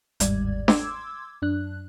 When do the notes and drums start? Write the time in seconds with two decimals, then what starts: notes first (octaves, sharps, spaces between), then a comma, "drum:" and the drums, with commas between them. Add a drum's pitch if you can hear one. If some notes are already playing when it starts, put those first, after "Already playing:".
0.20 G1 D#2 G#2 G3 D5 G#6, drum: hi-hat
0.68 C6 D6 E6 G#6, drum: snare D4
1.42 F#2 D4 F#6